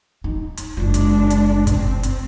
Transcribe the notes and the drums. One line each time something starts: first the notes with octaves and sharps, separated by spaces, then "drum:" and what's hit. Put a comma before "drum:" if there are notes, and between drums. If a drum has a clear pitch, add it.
D#4
drum: hi-hat
F#1 G#3 D4 F4
drum: hi-hat
drum: hi-hat
C4, drum: kick, hi-hat
drum: hi-hat